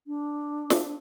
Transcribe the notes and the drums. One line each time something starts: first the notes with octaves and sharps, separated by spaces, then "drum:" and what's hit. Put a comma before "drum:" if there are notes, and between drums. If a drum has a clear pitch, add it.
D4
drum: snare